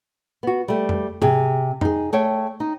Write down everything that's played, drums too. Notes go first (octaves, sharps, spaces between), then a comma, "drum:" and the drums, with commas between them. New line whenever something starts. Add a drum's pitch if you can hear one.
B3 F#4
G3 A3
drum: tom F2
C3 G#4, drum: tom G#2
D#4 G#4, drum: tom F2
A3 C#5 G5
D#4